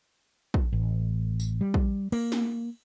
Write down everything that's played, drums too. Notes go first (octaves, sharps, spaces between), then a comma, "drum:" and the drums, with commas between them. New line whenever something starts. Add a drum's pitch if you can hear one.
drum: kick A#1
A1
drum: tambourine
G3
drum: kick A#1
A#3, drum: cymbal
drum: snare